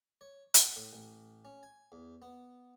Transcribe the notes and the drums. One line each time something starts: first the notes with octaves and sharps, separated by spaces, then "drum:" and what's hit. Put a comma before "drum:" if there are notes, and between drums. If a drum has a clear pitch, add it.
C#5
F#5, drum: hi-hat
A2
A1
C#4
G#5
E2
B3